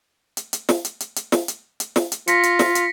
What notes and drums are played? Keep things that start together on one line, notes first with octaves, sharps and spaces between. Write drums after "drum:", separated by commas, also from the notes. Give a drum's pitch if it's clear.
drum: hi-hat
drum: hi-hat
drum: snare
drum: hi-hat
drum: hi-hat
drum: hi-hat
drum: snare
drum: hi-hat
drum: hi-hat
drum: snare
drum: hi-hat
F4 A#6 B6 C#7, drum: hi-hat
drum: hi-hat
drum: snare
drum: hi-hat